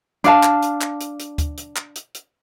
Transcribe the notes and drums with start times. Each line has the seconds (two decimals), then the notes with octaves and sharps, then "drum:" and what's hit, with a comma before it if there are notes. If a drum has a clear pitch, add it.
0.24 D4 F5 A5, drum: hi-hat
0.43 drum: clap
0.62 drum: hi-hat
0.81 drum: clap
1.00 drum: hi-hat
1.19 drum: hi-hat
1.38 drum: kick D2, hi-hat
1.57 drum: hi-hat
1.76 drum: clap
1.95 drum: hi-hat
2.14 drum: hi-hat